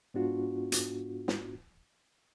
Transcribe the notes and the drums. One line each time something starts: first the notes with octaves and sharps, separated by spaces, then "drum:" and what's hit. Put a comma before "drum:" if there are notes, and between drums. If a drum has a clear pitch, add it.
G#2 B3 D4 F4 F#4
drum: hi-hat
drum: snare